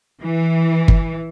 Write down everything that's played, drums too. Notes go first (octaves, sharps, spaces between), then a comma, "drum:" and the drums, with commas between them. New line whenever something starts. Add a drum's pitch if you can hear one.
E3
drum: kick G1